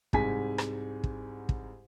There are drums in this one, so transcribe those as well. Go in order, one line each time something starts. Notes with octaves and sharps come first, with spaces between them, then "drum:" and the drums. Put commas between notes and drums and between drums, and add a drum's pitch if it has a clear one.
C2 G#2 G#5 B6, drum: kick
drum: rim click
drum: kick
drum: kick